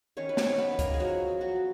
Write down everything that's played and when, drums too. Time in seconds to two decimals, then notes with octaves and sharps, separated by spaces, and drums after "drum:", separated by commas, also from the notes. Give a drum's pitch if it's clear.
0.17 D#3 C#4 C#5
0.29 B4
0.37 C#4 C#5, drum: snare
0.44 D#3
0.58 B3 B4
0.72 D#3
0.79 A#3 A#4, drum: kick, hi-hat
0.94 G#4
0.99 F3 F#3 F#4
1.28 B3
1.41 F#3 F#4
1.56 B3